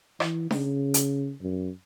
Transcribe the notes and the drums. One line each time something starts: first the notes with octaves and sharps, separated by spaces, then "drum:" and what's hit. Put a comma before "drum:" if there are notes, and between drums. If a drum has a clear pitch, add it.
E3, drum: rim click
C#3, drum: snare D4
drum: hi-hat
F#2